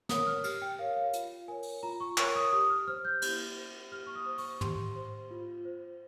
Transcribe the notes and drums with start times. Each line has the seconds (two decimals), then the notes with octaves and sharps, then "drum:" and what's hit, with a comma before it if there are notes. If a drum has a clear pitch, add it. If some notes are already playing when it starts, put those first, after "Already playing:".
0.09 A#4 C#5 D#6, drum: snare
0.27 F6
0.44 G4 F6, drum: cymbal
0.62 G5
0.79 A#4 C#5 F5
0.96 F5
1.13 F4, drum: hi-hat
1.48 A#4 C#5 G#5
1.63 drum: open hi-hat
1.83 F4 A#5
2.00 C#6
2.18 A#4 C#5 C#6, drum: clap
2.35 D#6
2.52 G4 D#6
2.70 F6
2.88 C5 F6
3.05 G6
3.22 G4, drum: cymbal
3.57 C5
3.92 G4 F6
4.06 C#6
4.15 D#6
4.26 C5
4.38 C#6, drum: open hi-hat
4.61 G4 C6, drum: tom
4.96 C5
5.31 F4
5.65 C5